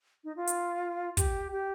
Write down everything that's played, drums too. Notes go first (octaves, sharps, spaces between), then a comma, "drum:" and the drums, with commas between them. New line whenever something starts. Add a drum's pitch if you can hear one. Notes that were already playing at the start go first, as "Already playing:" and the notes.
D#4
F4
drum: hi-hat
G4, drum: kick, hi-hat
G4